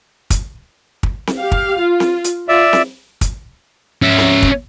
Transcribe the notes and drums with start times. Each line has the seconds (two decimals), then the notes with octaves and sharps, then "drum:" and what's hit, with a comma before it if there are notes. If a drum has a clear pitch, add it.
0.30 drum: kick, hi-hat
1.03 drum: kick
1.27 drum: snare C4
1.39 G4 F5
1.52 drum: kick
1.81 F4
2.00 drum: snare C4
2.24 drum: hi-hat
2.49 F4 D5 E5
2.73 drum: snare C4
3.21 drum: kick, hi-hat
4.02 C#4 E5
4.18 drum: snare C4
4.42 drum: kick